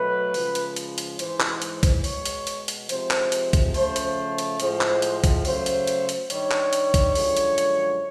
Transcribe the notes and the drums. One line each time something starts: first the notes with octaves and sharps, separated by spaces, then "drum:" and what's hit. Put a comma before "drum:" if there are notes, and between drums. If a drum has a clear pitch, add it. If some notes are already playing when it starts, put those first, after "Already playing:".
Already playing: B2 F#3 A3 B4
C#3 F3 G#3, drum: open hi-hat
drum: hi-hat
drum: hi-hat
drum: hi-hat
G#2 E3 G#3 C5, drum: hi-hat
drum: clap
drum: hi-hat
drum: kick, hi-hat
B2 G#3 C#5, drum: open hi-hat
drum: hi-hat
drum: hi-hat
drum: hi-hat
C3 F3 G#3 C5, drum: hi-hat
drum: clap
drum: hi-hat
drum: kick, hi-hat
C#3 F3 A3 C5, drum: open hi-hat
drum: hi-hat
drum: hi-hat
A2 F3 G#3 C5, drum: hi-hat
drum: clap
drum: hi-hat
drum: kick, hi-hat
C#3 F#3 A3 C5, drum: open hi-hat
drum: hi-hat
drum: hi-hat
drum: hi-hat
G2 D#3 G3 C#5, drum: hi-hat
drum: clap
drum: hi-hat
drum: kick, hi-hat
F#2 D3 F3 G#3, drum: open hi-hat
drum: hi-hat
drum: hi-hat